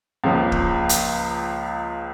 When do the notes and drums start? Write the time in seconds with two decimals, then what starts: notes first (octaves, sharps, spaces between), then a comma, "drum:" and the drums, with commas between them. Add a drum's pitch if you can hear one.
0.24 C#2 C#3 F3 A#3
0.52 drum: kick
0.89 drum: hi-hat